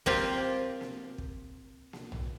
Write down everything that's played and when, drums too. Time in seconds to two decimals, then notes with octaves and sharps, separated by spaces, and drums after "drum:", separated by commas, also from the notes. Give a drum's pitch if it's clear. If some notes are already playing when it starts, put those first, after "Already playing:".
0.06 A#3 C4 F4 G4, drum: kick
0.81 drum: snare A#3
1.18 drum: kick
1.93 drum: snare A#3
2.12 drum: tom A#1